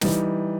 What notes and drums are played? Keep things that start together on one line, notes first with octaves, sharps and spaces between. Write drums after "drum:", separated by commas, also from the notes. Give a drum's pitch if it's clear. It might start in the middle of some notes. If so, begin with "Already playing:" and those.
E3 G3 D#4, drum: snare